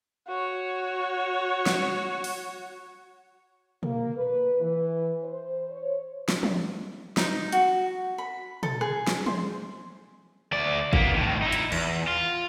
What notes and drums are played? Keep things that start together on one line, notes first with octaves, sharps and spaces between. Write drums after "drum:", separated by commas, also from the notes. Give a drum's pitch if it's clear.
F#4 C#5
drum: snare
drum: open hi-hat
A#3, drum: tom
B4
E3
C5
C#5
drum: snare
drum: tom
D#4, drum: snare
F#4, drum: hi-hat
B5
A4, drum: tom
G#4, drum: rim click
drum: snare
C5, drum: tom
D2 D5
A#3 B3, drum: kick G#1
A2 D#3
D#4 E4
drum: hi-hat
E2, drum: cymbal
F4